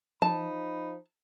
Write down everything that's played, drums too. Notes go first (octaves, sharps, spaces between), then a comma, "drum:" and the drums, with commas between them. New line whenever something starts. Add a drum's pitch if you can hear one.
F3 D#4 A5 B5, drum: tom E3